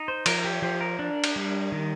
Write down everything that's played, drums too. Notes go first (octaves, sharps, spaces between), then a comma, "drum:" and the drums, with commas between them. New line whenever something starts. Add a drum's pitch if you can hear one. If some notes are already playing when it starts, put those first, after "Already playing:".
Already playing: D#4
C5
F3 A#4, drum: cymbal
G4
F3 G4
A#4
D4
drum: cymbal
G3
D#3